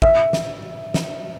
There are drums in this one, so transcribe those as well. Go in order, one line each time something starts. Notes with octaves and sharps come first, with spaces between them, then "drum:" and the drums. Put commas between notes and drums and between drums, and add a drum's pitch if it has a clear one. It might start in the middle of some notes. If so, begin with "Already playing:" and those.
E5, drum: kick
drum: snare
drum: snare